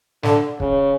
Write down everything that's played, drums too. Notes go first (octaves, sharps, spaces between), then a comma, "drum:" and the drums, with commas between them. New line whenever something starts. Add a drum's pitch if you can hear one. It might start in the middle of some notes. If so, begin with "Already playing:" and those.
D3, drum: snare
C#3, drum: kick